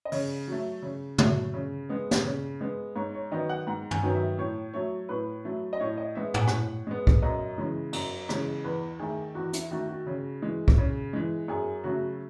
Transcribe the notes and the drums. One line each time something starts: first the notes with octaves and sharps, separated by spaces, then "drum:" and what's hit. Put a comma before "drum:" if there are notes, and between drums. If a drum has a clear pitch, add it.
D#5
C#3 C#5, drum: open hi-hat
F#3 A3
C#3
F#3 A3, drum: tom
C#3
G#3 B3
drum: snare
C#3
G#3 B3
G#2 C#5
C#5
D#3 F#3 B3 D#5
F#5
G#2 F#5
G#5, drum: tom
D#3 F#3 B3
E5
A2 C#5
F#3 A3 C#5
A2 B4
F#3 A3
D#5
A2 C#5
D#5
G#3 B3 E5
F#5, drum: tom
G#5
A2 F#5, drum: rim click
G#3 B3
drum: kick
F#2 D#5
C#3 E3 G#3
F#2, drum: cymbal
C#3 E3 G#3, drum: rim click
E2 B4
D#3 A3 G#4
E2 F#4
E4, drum: hi-hat
D#3 A3 F#4
F#4
C#3
E3 G#3
drum: kick
C#3
E3 G#3
F#2 G#4
C#3 F#3 A3 F#4